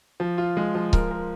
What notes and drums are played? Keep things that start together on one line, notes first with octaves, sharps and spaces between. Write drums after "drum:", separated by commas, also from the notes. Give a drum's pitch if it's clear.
F3
F4
G#3
F3
A#4, drum: kick C#1
A#4